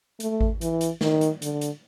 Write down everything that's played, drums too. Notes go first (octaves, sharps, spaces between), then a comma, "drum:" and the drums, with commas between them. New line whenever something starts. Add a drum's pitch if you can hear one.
A3, drum: hi-hat
drum: kick G#1
E3, drum: hi-hat
drum: hi-hat
D#3, drum: snare
drum: hi-hat
D3, drum: hi-hat
drum: hi-hat